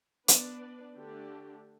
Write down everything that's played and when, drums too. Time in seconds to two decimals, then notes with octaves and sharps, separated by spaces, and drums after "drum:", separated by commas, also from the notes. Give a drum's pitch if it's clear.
0.28 B3 D4 B4 D5, drum: hi-hat
0.96 D3 A3 D4 G4